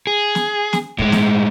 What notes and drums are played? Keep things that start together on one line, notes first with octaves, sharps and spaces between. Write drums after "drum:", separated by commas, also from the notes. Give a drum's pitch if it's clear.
G#4
drum: snare
drum: snare
A2 G#3, drum: kick
drum: snare